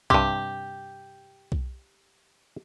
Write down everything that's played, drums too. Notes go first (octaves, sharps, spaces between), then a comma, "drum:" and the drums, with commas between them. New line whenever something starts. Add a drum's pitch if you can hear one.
G2 C3 G4, drum: kick B1
drum: kick B1